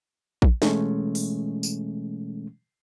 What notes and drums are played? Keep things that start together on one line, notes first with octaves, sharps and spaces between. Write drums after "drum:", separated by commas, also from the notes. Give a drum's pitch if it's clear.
drum: kick A#1
B2 E3 G#3 A3 C#4, drum: snare
drum: open hi-hat
drum: tambourine